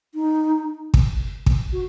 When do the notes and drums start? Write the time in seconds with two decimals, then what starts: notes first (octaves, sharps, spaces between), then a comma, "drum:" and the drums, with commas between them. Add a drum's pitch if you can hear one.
0.15 D#4
0.94 drum: kick
1.46 drum: kick
1.72 F#4